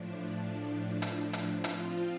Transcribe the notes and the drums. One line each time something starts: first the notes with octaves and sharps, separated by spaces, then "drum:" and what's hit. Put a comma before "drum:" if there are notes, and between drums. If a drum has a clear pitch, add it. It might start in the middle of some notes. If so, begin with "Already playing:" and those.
Already playing: A2 F3 D4
drum: hi-hat
drum: hi-hat
F3 C4 F4, drum: hi-hat